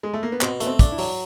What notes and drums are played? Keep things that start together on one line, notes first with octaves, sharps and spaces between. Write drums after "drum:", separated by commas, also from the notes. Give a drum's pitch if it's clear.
G#3
A3
A#3
B3
B2 C4, drum: clap
A3 B3, drum: hi-hat
C4
D4, drum: kick, hi-hat
E4
F#3, drum: open hi-hat